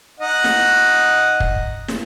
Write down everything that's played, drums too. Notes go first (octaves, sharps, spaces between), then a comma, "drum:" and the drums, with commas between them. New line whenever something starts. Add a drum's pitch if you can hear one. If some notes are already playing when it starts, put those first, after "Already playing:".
D#4 D#5 F#5
drum: snare
drum: kick
drum: snare